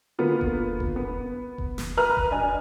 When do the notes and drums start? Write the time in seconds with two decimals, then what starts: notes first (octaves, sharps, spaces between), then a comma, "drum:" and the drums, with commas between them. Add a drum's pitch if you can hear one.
0.19 D3 A#3 B3 F4
0.41 drum: kick F1
0.80 drum: kick F1
0.96 B3
1.58 drum: kick F1
1.78 drum: snare
1.97 B4 A#5 F6 F#6
2.17 drum: kick F1
2.31 D4 D#5 G#5